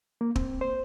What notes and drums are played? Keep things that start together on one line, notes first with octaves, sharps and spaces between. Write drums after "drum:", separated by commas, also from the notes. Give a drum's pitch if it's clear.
A#3
C4, drum: kick
C5